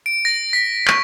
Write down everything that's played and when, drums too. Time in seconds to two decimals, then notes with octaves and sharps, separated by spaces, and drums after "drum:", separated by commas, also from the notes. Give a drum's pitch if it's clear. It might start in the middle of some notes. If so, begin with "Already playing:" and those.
0.06 D7
0.25 A#6
0.53 B6
0.88 C#6, drum: clap